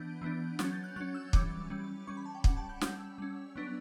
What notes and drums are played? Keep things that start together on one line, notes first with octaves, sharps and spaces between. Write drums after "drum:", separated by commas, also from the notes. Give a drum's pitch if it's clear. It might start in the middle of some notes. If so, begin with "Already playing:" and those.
Already playing: E3 B3 D4 G6
E3 B3 D4
F#3 C#4 A6, drum: snare
G6
F#6
F#3 C#4 F#6
E6
E3 G3 C#4 D6, drum: kick
E3 G3 C#4
G3 C#4 C#6
B5
A5
G5
G3 C#4 F#5, drum: kick
A5
G6
G3 C#4 E6, drum: snare
G3 C#4
F#3 B3 D4